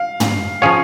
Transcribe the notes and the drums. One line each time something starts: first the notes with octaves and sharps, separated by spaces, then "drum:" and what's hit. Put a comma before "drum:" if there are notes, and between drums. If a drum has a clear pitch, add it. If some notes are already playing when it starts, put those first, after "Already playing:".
Already playing: F5
drum: tom
F3 C#4 G#4 C#5 F5